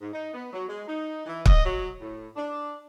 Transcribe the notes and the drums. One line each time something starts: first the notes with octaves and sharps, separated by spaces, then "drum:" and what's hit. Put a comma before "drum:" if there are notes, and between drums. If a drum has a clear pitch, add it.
G#2
D#4
B3
F#3
G#3
D#4
E3
D#5, drum: kick
F#3
A2
D4